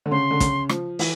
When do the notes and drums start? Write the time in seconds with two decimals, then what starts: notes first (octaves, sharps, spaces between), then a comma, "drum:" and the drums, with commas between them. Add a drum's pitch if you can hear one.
0.06 D3
0.11 C#3 C6
0.31 D3
0.40 C#3, drum: kick, hi-hat
0.69 F3, drum: rim click
0.99 E3, drum: open hi-hat